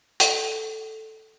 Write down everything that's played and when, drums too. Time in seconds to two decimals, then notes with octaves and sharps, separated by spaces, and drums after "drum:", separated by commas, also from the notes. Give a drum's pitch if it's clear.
0.20 A4, drum: hi-hat